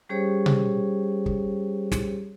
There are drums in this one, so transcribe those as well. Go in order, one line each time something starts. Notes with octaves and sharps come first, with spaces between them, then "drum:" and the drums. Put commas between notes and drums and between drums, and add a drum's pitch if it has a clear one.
G3 C#4 G4 G#4 C5 C#5
drum: tom B2
drum: kick
drum: snare